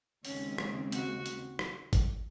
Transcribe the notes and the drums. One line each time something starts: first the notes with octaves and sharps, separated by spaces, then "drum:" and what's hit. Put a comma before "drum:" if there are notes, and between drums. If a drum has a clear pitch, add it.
D#2 C#3 G#3 C4 C#4, drum: open hi-hat
drum: rim click
F#4, drum: hi-hat
drum: hi-hat
drum: rim click
drum: kick G#1, hi-hat